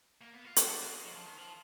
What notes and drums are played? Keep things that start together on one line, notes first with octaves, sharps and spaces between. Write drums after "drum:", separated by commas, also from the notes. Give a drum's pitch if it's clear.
A#3
B3
F4
F#4, drum: hi-hat
D4
A#3
G#3
F#3
D#3
F3
D#3
F3